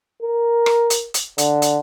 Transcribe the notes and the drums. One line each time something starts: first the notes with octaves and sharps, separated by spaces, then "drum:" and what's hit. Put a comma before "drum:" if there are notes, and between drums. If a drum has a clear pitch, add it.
A#4
drum: rim click
drum: hi-hat
drum: hi-hat
D3, drum: hi-hat
drum: hi-hat